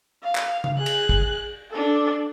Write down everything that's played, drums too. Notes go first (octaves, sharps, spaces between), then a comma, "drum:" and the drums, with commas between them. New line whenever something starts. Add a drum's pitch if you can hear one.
F5
drum: clap
drum: tom C#3
G#4 F#6
drum: cymbal
drum: kick
D4 A4